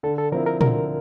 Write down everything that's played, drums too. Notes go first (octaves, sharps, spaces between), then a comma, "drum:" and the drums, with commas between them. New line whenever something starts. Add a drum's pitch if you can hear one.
D3 A4
A4
F3 C4 E4 A#4
A#4
D3 A#4, drum: tom A#2